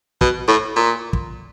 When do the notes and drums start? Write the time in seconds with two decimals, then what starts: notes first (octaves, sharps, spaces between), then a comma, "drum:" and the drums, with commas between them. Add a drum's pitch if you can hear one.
0.21 B2, drum: kick
0.48 A2
0.76 A#2
1.13 drum: kick